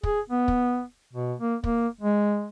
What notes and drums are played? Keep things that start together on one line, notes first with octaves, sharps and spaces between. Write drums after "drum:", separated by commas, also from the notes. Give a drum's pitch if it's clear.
G#4, drum: kick
B3
drum: kick
B2
A#3
A#3, drum: kick
G#3